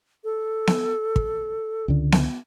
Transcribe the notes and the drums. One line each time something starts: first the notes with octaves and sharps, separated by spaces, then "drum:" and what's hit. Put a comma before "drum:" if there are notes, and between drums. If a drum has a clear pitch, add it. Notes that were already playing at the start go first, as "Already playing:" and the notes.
A4
drum: snare B3
drum: kick
C#2 D3
drum: snare B3